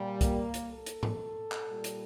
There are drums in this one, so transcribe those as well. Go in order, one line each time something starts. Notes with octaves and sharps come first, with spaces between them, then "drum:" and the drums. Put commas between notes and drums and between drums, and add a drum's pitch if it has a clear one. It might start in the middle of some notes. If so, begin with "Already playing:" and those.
Already playing: A#2 G3
A#3, drum: kick C2, hi-hat
drum: hi-hat
A4
drum: hi-hat
drum: tom G#2
drum: clap
A#2 G3
drum: hi-hat